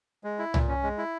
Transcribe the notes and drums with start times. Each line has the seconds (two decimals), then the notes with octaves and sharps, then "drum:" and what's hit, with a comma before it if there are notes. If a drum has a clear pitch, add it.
0.24 G#3
0.39 E4
0.54 A#2, drum: tom C2
0.68 C#4
0.83 G#3
0.98 E4